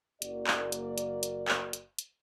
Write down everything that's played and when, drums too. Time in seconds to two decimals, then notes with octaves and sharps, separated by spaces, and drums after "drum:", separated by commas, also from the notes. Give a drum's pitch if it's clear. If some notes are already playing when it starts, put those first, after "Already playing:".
0.22 F#1 A#3 F#4 D5, drum: hi-hat
0.47 drum: clap
0.72 drum: hi-hat
0.98 drum: hi-hat
1.23 drum: hi-hat
1.48 drum: clap
1.73 drum: hi-hat
1.99 drum: hi-hat